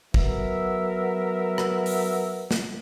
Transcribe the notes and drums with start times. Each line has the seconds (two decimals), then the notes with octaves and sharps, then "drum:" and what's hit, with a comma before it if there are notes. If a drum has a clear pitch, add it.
0.14 F#3 B3 A#4 E5, drum: kick
1.58 drum: rim click
1.86 drum: open hi-hat
2.51 drum: snare